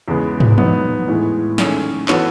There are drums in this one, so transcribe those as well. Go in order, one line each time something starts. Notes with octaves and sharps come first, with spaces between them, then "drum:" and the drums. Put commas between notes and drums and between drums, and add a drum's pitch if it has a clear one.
E2 C#3 G#3 B3
drum: tom
F#3 B3 D#4, drum: tom E3
A2 E3 G#3
D#3 A3 C#4 G#4, drum: snare
E3 B3 F#4 A4 C#5, drum: clap